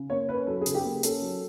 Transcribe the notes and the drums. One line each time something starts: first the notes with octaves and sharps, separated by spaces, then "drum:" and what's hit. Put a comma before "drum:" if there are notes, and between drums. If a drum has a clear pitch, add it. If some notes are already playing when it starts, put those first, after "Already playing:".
Already playing: C#3
A#3 C#5
C#4 B4
F#3 A4
G#4
C#3, drum: hi-hat
G4
A#3
C#4 A4, drum: hi-hat
F#3